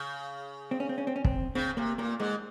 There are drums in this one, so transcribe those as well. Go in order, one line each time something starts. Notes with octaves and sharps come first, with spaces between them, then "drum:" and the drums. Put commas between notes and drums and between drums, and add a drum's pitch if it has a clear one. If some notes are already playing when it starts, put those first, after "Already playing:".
Already playing: C#3
C4
C#4
C4
C#4
C4
C#4
C4, drum: kick
C#3 C4
C3 A#3
A#2 A#3
G#2 G#3